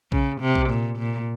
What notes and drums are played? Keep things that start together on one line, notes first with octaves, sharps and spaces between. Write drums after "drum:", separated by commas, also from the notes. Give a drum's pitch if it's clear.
C#3, drum: kick A#1
C3
drum: kick A#1
A#2
A#2